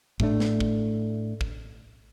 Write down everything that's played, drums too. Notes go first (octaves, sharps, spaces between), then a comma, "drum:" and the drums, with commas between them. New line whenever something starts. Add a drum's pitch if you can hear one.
A2 A3 D4, drum: kick
drum: snare
drum: kick
drum: kick